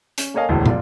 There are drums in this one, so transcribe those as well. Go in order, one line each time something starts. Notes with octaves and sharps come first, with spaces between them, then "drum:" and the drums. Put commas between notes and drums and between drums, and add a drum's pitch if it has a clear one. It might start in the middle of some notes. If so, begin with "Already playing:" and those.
C#4, drum: hi-hat
A#3 A4 C#5 D#5 F5 G#5
E1 A1 D2 A2
F1 F4 D5, drum: tom